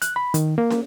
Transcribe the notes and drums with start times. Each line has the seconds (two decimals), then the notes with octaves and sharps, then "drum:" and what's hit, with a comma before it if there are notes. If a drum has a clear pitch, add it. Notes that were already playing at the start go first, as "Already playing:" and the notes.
0.02 F#6, drum: hi-hat
0.16 B5
0.34 D#3, drum: hi-hat
0.58 A#3
0.71 drum: snare